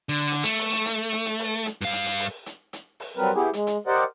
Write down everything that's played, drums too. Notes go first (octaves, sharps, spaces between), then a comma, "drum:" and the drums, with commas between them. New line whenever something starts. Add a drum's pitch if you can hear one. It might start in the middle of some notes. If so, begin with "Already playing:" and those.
D3
drum: hi-hat
A3, drum: hi-hat
drum: open hi-hat
drum: hi-hat
drum: hi-hat
drum: hi-hat
drum: hi-hat
drum: open hi-hat
drum: hi-hat
G2 F5
drum: hi-hat
drum: hi-hat
drum: open hi-hat
drum: hi-hat
drum: hi-hat
drum: open hi-hat
F#3 G3 C4 A#4 B4
B3 E4 G4 G#4
G#3, drum: hi-hat
drum: hi-hat
G4 A#4 C5 D5 D#5 F#5